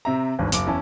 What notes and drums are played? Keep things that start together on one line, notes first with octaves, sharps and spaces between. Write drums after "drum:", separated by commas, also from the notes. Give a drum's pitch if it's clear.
C3 C4 E5 A#5
G#1 C#2 G2 E3
F#1 D6, drum: hi-hat
E2 C#4 E4 A5